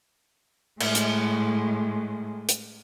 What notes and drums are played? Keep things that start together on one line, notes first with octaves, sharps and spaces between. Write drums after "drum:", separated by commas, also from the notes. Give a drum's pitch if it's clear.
A2 G#3, drum: cymbal
drum: hi-hat
drum: hi-hat